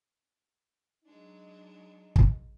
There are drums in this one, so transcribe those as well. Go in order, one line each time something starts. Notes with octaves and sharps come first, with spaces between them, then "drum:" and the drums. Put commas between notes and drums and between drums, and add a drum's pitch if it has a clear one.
F#3 G#3 D4 D#4
drum: kick